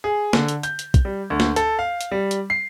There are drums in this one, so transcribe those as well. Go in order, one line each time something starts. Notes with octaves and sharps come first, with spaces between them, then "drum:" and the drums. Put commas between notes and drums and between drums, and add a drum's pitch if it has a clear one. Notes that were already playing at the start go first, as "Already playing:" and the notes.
G#4
D3, drum: snare
drum: hi-hat
G6, drum: hi-hat
drum: hi-hat
drum: kick, hi-hat
G3
D2
drum: snare
A4, drum: hi-hat
F5
drum: hi-hat
G3
drum: hi-hat
C7